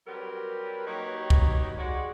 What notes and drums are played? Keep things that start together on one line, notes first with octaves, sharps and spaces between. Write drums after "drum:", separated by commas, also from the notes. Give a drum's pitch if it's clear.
F#3 G3 C4 G4 A#4 B4
F#3 A#3 D#4 G4 B4 C#5
drum: kick C2
G#3 F#4 D5